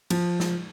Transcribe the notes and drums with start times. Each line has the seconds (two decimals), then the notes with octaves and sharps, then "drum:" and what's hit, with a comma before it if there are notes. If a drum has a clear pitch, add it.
0.10 F3, drum: cymbal
0.40 drum: snare